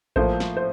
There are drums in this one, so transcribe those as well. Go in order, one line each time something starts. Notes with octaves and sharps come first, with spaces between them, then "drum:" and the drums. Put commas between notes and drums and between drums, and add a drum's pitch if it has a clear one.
A2 F3 A#3 C5, drum: kick A1
drum: snare
C5